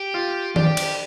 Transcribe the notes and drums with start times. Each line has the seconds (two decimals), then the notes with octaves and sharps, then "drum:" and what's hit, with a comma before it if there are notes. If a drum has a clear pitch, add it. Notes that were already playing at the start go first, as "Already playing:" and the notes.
Already playing: G4
0.14 F4
0.56 D4 G4, drum: tom D#3
0.77 drum: cymbal